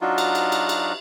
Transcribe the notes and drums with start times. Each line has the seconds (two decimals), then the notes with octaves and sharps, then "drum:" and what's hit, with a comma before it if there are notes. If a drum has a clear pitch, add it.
0.01 F#3 D4 D#4 F4 F#4
0.18 drum: cymbal
0.35 drum: cymbal
0.52 drum: cymbal
0.69 drum: cymbal